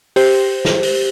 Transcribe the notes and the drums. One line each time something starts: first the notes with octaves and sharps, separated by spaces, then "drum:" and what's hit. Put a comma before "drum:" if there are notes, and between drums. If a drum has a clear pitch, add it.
G4 C5, drum: open hi-hat
drum: snare
drum: open hi-hat